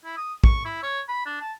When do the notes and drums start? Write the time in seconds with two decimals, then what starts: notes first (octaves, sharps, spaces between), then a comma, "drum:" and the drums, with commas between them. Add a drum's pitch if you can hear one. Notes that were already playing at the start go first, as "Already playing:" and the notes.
0.04 E4
0.17 D#6
0.44 C#6, drum: kick
0.65 E4
0.83 C#5
1.08 B5
1.26 D4
1.41 A5